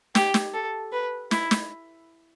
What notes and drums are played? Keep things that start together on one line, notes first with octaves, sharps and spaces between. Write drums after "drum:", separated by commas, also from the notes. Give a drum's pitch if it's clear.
G4, drum: snare
drum: snare
A4
B4
E4, drum: snare
drum: snare